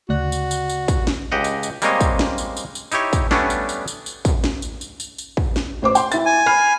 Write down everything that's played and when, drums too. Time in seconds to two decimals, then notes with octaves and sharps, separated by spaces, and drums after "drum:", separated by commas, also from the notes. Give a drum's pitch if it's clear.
0.09 D2 C#3 F#4 D5 F#6
0.32 drum: tambourine
0.51 drum: tambourine
0.70 drum: tambourine
0.88 drum: kick, tambourine
1.07 drum: snare
1.32 C#2 G4 D#5 F#5
1.44 drum: tambourine
1.63 drum: tambourine
1.82 G3 G#3 A#3 C4 C#5 D#5, drum: tambourine
2.01 drum: kick, tambourine
2.19 drum: snare
2.38 drum: tambourine
2.57 drum: tambourine
2.75 drum: tambourine
2.92 D#4 E4 G4 C#5, drum: tambourine
3.13 drum: kick, tambourine
3.31 G3 A3 B3 C#4 D4, drum: snare
3.50 drum: tambourine
3.69 drum: tambourine
3.88 drum: tambourine
4.06 drum: tambourine
4.25 drum: kick, tambourine
4.44 drum: snare
4.62 drum: tambourine
4.81 drum: tambourine
5.00 drum: tambourine
5.18 drum: tambourine
5.37 drum: kick
5.56 drum: snare
5.82 A1 C5 D6
5.95 G5 C6, drum: tambourine
6.12 E4 A6, drum: tambourine
6.26 G#5
6.46 B5 F6 C7